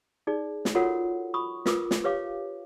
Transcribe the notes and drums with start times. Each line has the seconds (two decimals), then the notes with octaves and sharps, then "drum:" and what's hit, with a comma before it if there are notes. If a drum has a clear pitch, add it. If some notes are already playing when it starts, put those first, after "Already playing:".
0.27 D#4 G#4 D5
0.65 drum: snare
0.75 F4 F#4 A4 A#4 C#5 F#5
1.34 B5 C#6 D#6
1.66 F4 A#4 B4 D6 D#6, drum: snare
1.91 drum: snare
2.04 G4 B4 C#5 F5 D6